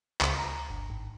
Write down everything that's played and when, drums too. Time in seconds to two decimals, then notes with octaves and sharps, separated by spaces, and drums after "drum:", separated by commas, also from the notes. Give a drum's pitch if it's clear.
0.21 C#2, drum: clap
0.39 A#5
0.70 G1
0.90 G#1